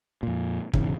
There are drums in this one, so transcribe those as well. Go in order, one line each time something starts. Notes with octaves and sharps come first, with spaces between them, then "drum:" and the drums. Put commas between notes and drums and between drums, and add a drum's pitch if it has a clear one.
F2 A#2
E1 G#2 C#3 E3, drum: kick